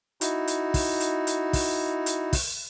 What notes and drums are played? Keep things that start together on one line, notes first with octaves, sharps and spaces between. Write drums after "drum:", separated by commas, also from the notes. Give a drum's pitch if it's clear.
D#4 E4 F#4, drum: hi-hat
drum: hi-hat
drum: kick, open hi-hat
drum: hi-hat
drum: hi-hat
drum: kick, open hi-hat
drum: hi-hat
drum: kick, open hi-hat